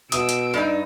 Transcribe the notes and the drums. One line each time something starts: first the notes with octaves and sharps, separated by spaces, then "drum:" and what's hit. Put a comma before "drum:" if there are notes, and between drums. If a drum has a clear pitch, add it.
B2 D#6 E6 D7, drum: hi-hat
drum: hi-hat
G2 D#4